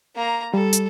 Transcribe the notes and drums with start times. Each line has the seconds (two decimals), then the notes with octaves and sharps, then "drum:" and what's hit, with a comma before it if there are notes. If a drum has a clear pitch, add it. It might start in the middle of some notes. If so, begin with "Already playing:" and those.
0.16 A#3 A#5
0.54 G3 A4
0.73 drum: hi-hat